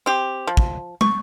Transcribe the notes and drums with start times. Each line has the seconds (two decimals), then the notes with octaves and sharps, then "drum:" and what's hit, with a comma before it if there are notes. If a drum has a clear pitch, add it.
0.06 C4 G4
0.47 F3
0.57 drum: kick
1.01 C#6, drum: tom